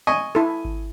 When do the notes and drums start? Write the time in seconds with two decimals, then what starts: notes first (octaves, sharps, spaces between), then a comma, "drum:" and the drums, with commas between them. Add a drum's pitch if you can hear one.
0.07 D#5 G#5 C#6
0.35 E4 A4
0.65 drum: kick G#1